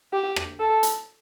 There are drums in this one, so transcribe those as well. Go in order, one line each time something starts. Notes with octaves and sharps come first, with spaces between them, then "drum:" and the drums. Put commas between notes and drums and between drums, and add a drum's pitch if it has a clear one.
G4
drum: rim click
A4
drum: hi-hat